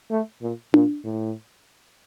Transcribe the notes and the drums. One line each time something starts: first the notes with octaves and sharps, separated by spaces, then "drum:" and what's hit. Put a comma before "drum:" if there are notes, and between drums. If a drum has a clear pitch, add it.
A3
A#2
A#2, drum: tom D4
A2